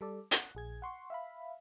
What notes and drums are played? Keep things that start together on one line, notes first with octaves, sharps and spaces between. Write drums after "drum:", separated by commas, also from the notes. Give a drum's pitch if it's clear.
G3 A4 D5
F#5, drum: hi-hat
A#1 G#4 G#6
F#5 C6 C#6
E5 F5 B5